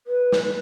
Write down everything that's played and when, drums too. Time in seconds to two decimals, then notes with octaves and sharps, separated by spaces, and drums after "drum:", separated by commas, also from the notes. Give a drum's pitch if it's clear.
0.07 B4
0.32 drum: snare